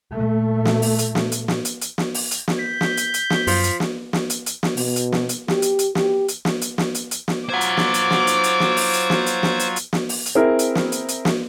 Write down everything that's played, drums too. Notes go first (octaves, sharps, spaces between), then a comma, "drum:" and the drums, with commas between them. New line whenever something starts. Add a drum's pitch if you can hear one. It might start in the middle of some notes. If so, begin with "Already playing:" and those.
A#2 A3
drum: snare
drum: open hi-hat
drum: hi-hat
drum: snare
drum: hi-hat
drum: snare
drum: hi-hat
drum: hi-hat
drum: snare
drum: open hi-hat
drum: hi-hat
drum: snare
G6 B6
drum: snare
drum: hi-hat
drum: hi-hat
drum: snare
F#2 F3, drum: open hi-hat
drum: hi-hat
drum: snare
drum: snare
drum: hi-hat
drum: hi-hat
drum: snare
B2, drum: open hi-hat
drum: hi-hat
drum: snare
drum: hi-hat
G4, drum: snare
drum: hi-hat
drum: hi-hat
G4, drum: snare
drum: hi-hat
drum: snare
drum: hi-hat
drum: snare
drum: hi-hat
drum: hi-hat
drum: snare
F#3 F4 C5 F#5 D6 G#6
drum: hi-hat
drum: snare
drum: hi-hat
drum: snare
drum: hi-hat
drum: hi-hat
drum: snare
drum: open hi-hat
drum: hi-hat
drum: snare
drum: hi-hat
drum: snare
drum: hi-hat
drum: hi-hat
drum: snare
drum: open hi-hat
drum: hi-hat
C4 E4 G#4 A#4
drum: hi-hat
drum: snare
drum: hi-hat
drum: hi-hat
drum: snare